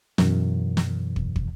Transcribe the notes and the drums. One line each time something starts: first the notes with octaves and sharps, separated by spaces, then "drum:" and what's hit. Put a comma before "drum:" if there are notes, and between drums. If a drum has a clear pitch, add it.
F#2 B2 E3, drum: snare
drum: snare
drum: kick
drum: kick